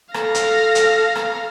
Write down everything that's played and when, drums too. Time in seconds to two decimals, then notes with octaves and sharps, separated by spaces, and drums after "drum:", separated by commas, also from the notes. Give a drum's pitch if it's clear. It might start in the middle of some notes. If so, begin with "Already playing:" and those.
0.14 A4 F5 A#6, drum: rim click
0.35 drum: hi-hat
0.75 drum: hi-hat
1.15 drum: rim click